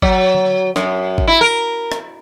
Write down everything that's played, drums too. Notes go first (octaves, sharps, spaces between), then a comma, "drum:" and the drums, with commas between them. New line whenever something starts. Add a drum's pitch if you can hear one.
F#3, drum: kick
drum: tom D3
F#2, drum: snare
drum: kick
E4
A#4
drum: rim click